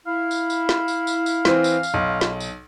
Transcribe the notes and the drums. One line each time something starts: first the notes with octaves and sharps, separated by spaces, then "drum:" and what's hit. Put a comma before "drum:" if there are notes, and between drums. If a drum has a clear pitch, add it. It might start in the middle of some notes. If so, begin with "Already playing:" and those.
E4 F5
drum: tambourine
drum: tambourine
drum: snare
drum: tambourine
drum: tambourine
drum: tambourine
E3 C4, drum: snare
drum: tambourine
drum: tambourine
B1
drum: snare
drum: tambourine